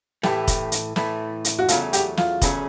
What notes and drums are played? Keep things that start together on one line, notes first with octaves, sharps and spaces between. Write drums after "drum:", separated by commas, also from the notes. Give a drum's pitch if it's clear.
A2 E3 A3 G4, drum: snare
drum: kick, hi-hat
drum: hi-hat
A2 E3 A3, drum: snare
drum: hi-hat
F#4
E2 C#3 F#3 A3 C#4 F4, drum: hi-hat
G4, drum: hi-hat
F4, drum: snare
E2 C#3 F#3 A3 C#4, drum: kick, hi-hat